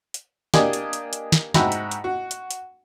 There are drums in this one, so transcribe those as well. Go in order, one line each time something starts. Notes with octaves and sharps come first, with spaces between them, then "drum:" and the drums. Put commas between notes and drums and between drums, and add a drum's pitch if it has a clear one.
drum: hi-hat
A#3 D4 G4 D5 D#5 G#5, drum: snare
drum: hi-hat
drum: hi-hat
drum: hi-hat
drum: snare
G#2 F#4 E5 G5 A#5 B5, drum: snare
drum: hi-hat
drum: hi-hat
F#4
drum: hi-hat
drum: hi-hat